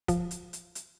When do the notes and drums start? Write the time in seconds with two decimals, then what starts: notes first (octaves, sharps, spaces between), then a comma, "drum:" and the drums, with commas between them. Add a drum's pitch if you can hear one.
0.08 F3, drum: kick, hi-hat
0.31 drum: hi-hat
0.53 drum: hi-hat
0.75 drum: hi-hat